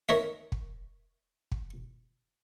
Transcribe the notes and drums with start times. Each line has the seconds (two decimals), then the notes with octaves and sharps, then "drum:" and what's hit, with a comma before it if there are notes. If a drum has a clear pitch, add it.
0.09 A#4 C#5 D#5 E5, drum: snare D#4
0.52 drum: kick
1.52 drum: kick